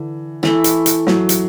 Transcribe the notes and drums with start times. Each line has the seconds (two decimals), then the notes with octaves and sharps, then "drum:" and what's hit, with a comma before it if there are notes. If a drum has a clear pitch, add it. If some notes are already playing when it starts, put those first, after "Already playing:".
Already playing: D3 E3
0.43 E3 A3 E4, drum: snare
0.64 drum: hi-hat
0.86 drum: hi-hat
1.07 F#3, drum: snare
1.29 drum: hi-hat